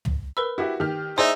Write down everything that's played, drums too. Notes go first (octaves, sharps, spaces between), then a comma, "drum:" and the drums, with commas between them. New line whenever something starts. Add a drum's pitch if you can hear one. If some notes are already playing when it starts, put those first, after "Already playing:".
drum: tom
A#4 B4 B5 E6
E4 F#4 G4 F#5
D#3 G4 F6
D#4 E4 G#4 C5 D5 E5 C6